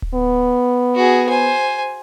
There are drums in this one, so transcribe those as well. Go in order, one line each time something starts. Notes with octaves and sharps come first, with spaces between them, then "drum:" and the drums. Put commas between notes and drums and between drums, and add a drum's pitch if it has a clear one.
drum: kick D1
B3
F#4 G#4
C5 G#5